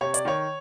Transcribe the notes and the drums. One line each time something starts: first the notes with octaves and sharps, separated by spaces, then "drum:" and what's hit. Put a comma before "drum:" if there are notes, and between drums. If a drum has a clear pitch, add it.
C3 C#5
D5, drum: hi-hat
D#3 C#5